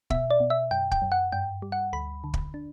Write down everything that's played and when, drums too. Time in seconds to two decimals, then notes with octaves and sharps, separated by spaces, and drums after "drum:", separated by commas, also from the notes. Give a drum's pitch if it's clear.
0.10 B2 E5, drum: kick
0.31 D5
0.40 B2
0.50 E5
0.71 F#2 G5
0.92 G5, drum: kick
1.02 F#2
1.12 F#5
1.32 G2 G5
1.62 G3
1.72 F#5
1.93 D2 B5
2.24 D3
2.34 drum: kick
2.54 D4